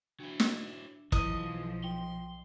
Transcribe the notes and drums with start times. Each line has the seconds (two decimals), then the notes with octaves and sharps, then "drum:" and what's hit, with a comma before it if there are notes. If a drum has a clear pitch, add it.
0.20 F#3 D4 E4
0.40 drum: snare
1.12 B1 E3 F3 E4 D#5, drum: kick
1.84 G5 C6